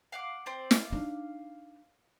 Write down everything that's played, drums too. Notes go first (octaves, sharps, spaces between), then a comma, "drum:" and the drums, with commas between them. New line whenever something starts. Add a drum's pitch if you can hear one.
F5 F#5 D6
C4 C5 D5
F5 D6 F6, drum: snare
D4 D#4